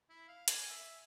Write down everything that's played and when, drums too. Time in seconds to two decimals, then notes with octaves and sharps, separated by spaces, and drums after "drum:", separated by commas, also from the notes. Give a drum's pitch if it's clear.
0.10 E4
0.28 F5
0.48 G#5, drum: hi-hat
0.70 E5